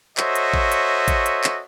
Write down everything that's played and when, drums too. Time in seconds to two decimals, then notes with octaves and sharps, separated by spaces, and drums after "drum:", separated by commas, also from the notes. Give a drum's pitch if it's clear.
0.17 F#4 A4 C5 C#5 D#5 E5, drum: clap
0.35 drum: hi-hat
0.54 drum: kick
0.72 drum: hi-hat
1.08 drum: kick, hi-hat
1.26 drum: hi-hat
1.44 drum: clap